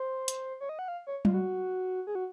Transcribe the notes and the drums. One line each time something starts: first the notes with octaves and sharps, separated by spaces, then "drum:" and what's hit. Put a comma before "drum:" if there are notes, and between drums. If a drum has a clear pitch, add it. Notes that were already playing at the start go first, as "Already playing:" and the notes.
Already playing: C5
drum: hi-hat
C#5
D#5
F#5
F5
C#5
F4, drum: tom F#3
F#4
G#4
F#4